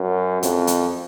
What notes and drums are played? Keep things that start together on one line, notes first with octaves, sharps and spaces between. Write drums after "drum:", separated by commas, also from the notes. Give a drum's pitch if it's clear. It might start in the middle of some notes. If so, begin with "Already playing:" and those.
Already playing: F#2
F2, drum: hi-hat
drum: hi-hat